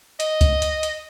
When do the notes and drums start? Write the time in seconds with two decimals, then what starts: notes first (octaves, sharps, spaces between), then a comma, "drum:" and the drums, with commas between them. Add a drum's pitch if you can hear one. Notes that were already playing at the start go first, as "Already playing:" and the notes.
0.20 D#5, drum: hi-hat
0.41 drum: kick C#2, hi-hat
0.62 drum: hi-hat
0.83 drum: hi-hat